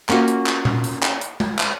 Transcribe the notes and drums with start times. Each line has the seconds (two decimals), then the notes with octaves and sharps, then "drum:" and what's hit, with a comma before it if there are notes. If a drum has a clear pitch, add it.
0.09 A#3 C#4 F4 F#4, drum: clap
0.28 drum: hi-hat
0.46 drum: clap
0.65 drum: tom A#2
0.84 drum: hi-hat
1.03 drum: clap
1.21 drum: hi-hat
1.40 drum: tom G#3
1.59 drum: clap